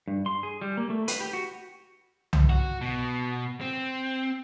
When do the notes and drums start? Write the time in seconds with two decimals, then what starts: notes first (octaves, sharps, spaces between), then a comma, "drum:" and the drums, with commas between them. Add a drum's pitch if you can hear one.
0.07 G2
0.26 C6
0.43 G#4
0.62 G3
0.77 A#3
0.90 A3
1.08 B4, drum: hi-hat
1.20 G4
1.33 F#4
2.33 drum: tom C2
2.49 F#4
2.81 B2
3.61 C4